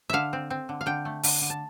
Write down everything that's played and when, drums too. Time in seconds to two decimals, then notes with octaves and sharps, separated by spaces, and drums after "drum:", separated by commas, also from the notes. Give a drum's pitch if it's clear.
0.10 D3 E5 F5
0.33 C4
0.50 C4
0.69 D3
0.81 F5
0.86 D3 G5
1.05 A3
1.23 D3, drum: open hi-hat
1.41 D3
1.50 A5